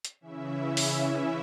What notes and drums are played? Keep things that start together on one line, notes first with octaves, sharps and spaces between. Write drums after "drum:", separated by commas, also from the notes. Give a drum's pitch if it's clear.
drum: hi-hat
C#3 E3 C#4 E4 E5
drum: open hi-hat